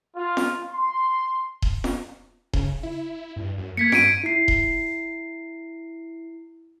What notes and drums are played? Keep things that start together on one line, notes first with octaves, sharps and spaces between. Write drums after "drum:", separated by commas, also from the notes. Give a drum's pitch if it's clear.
F4
drum: snare F4
C6
drum: kick D#1
drum: snare F4
C#3, drum: kick D#1
E4
G2
F#2
A#3 G#6 B6 C#7
G2 D7 D#7, drum: snare F4
E4 C7
drum: kick D#1